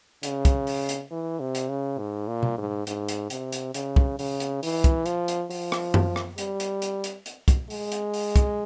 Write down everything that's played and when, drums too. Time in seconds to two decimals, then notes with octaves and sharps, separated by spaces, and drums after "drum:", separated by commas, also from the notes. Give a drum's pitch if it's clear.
0.23 C#3, drum: hi-hat
0.45 drum: kick, hi-hat
0.67 drum: open hi-hat
0.89 drum: hi-hat
1.11 E3
1.40 C3
1.55 drum: hi-hat
1.69 C#3
1.99 G#2
2.28 A#2
2.43 drum: tom B2
2.58 G#2
2.87 G#2, drum: hi-hat
3.09 drum: hi-hat
3.30 C3, drum: hi-hat
3.52 drum: hi-hat
3.74 C#3, drum: hi-hat
3.96 drum: kick
4.19 C#3, drum: open hi-hat
4.40 drum: hi-hat
4.63 E3, drum: open hi-hat
4.84 drum: kick, hi-hat
5.06 F3, drum: hi-hat
5.28 drum: hi-hat
5.50 F3, drum: open hi-hat
5.72 drum: rim click
5.94 drum: tom F#2
6.16 drum: rim click
6.38 G3, drum: hi-hat
6.60 drum: hi-hat
6.82 drum: hi-hat
7.04 drum: hi-hat
7.26 drum: hi-hat
7.48 drum: kick, hi-hat
7.70 G#3, drum: open hi-hat
7.92 drum: hi-hat
8.14 drum: open hi-hat
8.36 drum: kick, hi-hat